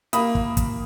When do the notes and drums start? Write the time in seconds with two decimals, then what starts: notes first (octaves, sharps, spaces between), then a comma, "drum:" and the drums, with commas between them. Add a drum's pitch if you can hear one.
0.13 A#3 B5 D#6, drum: hi-hat
0.35 drum: kick
0.57 drum: kick, hi-hat